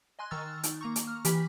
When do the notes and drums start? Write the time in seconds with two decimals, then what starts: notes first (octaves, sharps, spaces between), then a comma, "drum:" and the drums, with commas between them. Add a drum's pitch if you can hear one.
0.19 D#5 G#5 C6 F#6
0.31 D#3 A#5 C#6 E6 F6 A6
0.63 D#4, drum: hi-hat
0.81 A#3 A#5 C#6
0.96 drum: hi-hat
1.07 F6
1.25 E3 G4 G#5 B5 B6, drum: hi-hat